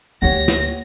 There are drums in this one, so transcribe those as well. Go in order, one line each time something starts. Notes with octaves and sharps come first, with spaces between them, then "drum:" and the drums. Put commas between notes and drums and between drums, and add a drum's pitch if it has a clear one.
D2 G3 A#3 G4 C#5 F#5 A#6
drum: snare